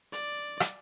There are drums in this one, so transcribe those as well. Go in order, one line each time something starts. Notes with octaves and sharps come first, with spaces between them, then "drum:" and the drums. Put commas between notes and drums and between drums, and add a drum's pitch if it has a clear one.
D5, drum: hi-hat
drum: rim click